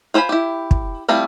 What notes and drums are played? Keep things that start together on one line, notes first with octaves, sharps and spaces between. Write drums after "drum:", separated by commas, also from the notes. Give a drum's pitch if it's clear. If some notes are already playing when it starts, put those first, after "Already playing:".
F4 C5 F5 G#5 B5
E4 G4
drum: kick
G3 A3 C4 E4 F4